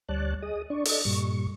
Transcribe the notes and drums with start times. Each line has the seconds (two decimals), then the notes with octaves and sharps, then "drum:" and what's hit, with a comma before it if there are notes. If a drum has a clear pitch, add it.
0.09 D2 G3 C#5 D5 A5 F#6
0.42 G#4 D#5 D#6
0.70 D4 D5 C#6
0.85 A4 D5 D#5, drum: open hi-hat
1.05 G2 A#2 G3 C#6